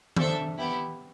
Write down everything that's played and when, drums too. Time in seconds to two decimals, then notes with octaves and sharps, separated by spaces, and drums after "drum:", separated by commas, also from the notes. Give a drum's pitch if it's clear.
0.17 D4 A4 C5 E5, drum: tom D#3
0.58 B3 E4 G4